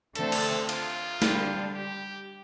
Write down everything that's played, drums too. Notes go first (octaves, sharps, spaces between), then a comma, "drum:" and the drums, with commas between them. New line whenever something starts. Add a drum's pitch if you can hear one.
D3 A3 C4 A4, drum: hi-hat
drum: cymbal
F4, drum: cymbal
D3 G3 D4, drum: snare
G4